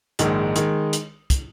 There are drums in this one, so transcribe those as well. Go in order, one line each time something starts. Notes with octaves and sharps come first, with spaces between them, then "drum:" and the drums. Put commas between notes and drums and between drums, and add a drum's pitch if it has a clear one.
A#1 G#2 D#3 G#3, drum: hi-hat
D#3 G#3 D#4, drum: hi-hat
drum: hi-hat
drum: kick, hi-hat